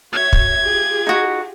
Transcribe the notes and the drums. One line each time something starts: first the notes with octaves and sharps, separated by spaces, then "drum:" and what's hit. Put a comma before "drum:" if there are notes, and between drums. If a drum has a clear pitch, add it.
F#4 C#5 E5 G#6
drum: kick
F4 G4 G#4
D#4 F#4